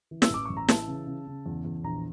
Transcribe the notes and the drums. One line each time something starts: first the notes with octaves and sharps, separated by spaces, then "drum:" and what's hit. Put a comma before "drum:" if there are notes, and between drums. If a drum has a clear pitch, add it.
E3
E6, drum: snare
A1 D6
A1 C#6
A#5
E3 A5, drum: snare
C#3
C#3
C#3
E2
E2
A#1 A#5